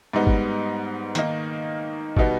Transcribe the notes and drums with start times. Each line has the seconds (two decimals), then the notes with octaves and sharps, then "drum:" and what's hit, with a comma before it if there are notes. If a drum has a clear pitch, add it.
0.13 G#2 G3 B3 D#4
0.27 drum: kick
1.15 D#3 A#3 D#4, drum: hi-hat
2.17 B2 G3 B3 D#4, drum: kick